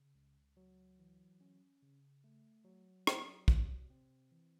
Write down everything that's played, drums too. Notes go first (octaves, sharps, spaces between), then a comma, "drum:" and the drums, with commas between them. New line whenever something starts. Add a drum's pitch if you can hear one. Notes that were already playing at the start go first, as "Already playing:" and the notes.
Already playing: C#3
C#2
F#3
E3
C#4
C#3
A3
F#3
F#4, drum: rim click
C3, drum: kick
C4
E3